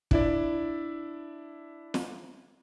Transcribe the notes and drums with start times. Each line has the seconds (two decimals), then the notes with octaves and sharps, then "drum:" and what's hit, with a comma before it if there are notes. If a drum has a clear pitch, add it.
0.11 D4 E4 D5, drum: kick
1.94 drum: snare